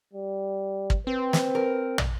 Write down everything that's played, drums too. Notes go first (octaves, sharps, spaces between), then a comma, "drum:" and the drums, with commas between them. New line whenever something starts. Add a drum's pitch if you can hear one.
G3
drum: kick
C4 B4
drum: snare
A#4
drum: tom